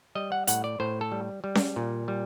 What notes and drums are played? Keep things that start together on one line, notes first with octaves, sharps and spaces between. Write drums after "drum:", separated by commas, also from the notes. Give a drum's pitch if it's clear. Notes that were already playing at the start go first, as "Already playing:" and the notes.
G3 D#5
F#5
A2 F#5, drum: hi-hat
D5
A2 C5
A4
G3
G3
drum: snare C#4
A#2
G3